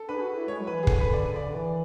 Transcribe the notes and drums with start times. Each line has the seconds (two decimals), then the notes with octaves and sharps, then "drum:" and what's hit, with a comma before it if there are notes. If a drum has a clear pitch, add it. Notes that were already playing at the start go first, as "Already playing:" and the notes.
Already playing: A4
0.09 D4 B4
0.16 G#4
0.21 F#4
0.35 E4
0.48 G#3 C#5
0.61 F#3
0.67 B4
0.74 E3
0.83 G#4
0.87 D3 A4, drum: kick
1.01 B4
1.07 D3
1.13 D5
1.36 C#3 D5
1.46 D3
1.56 E3